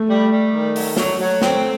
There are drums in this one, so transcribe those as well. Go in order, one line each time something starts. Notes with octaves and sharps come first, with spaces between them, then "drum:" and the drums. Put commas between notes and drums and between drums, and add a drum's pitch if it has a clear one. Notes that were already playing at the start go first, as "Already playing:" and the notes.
Already playing: A3
G3
G3
D#3
F#3, drum: open hi-hat
F#3, drum: snare
F#3
C4, drum: snare